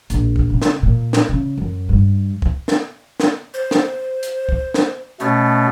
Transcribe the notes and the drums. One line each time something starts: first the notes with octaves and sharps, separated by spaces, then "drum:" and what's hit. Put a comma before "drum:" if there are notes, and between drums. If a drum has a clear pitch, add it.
A#1, drum: hi-hat
drum: kick
C#3
drum: snare
A#2
drum: snare
C#3
F#2
G2
drum: kick
drum: snare
drum: snare
C5
drum: snare
drum: hi-hat
drum: kick
drum: snare
B2 A3 C#4